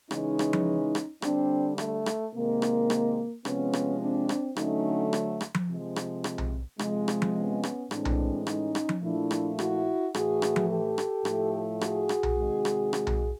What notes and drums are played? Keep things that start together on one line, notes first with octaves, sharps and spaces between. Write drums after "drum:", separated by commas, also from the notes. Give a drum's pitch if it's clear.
C#3 E3 G#3 C#4 D#4, drum: rim click
drum: rim click
drum: tom F3
drum: rim click
D3 G3 C4 D4, drum: rim click
A3, drum: rim click
drum: rim click
C3 D#3 G#3 A#3
drum: rim click
drum: rim click
C3 F3 G#3 B3 C#4, drum: rim click
drum: rim click
C4 D4
drum: rim click
D3 F#3 A3 C#4 D#4, drum: rim click
drum: rim click
drum: rim click
drum: tom F3
C3 F3 G#3
drum: rim click
drum: rim click
drum: tom B1
C3 F3 G#3, drum: rim click
drum: rim click
drum: tom F3
B3 C#4
drum: rim click
A2 E3 G#3 C4 D4, drum: rim click
drum: tom B1
C#4 D#4, drum: rim click
drum: rim click
drum: tom F3
A#2 F3 A3 D4 E4
drum: rim click
E4 F#4, drum: rim click
A2 E3 A3 F#4 G#4, drum: rim click
drum: rim click
drum: tom F3
G4 A4
drum: rim click
A2 F3 A3, drum: rim click
F#4 G#4, drum: rim click
drum: rim click
drum: tom B1
C3 D#3 G#3
drum: rim click
drum: rim click
drum: tom B1